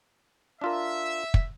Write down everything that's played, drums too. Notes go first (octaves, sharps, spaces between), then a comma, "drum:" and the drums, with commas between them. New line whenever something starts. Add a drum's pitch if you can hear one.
D4 F4 A#4 E5
drum: kick